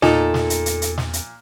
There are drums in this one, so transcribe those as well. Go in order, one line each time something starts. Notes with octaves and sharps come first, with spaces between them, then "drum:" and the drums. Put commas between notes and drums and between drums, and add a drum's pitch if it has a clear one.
E2 A#2 D#4 A4, drum: snare
drum: snare
drum: hi-hat
drum: hi-hat
drum: hi-hat
drum: snare
drum: hi-hat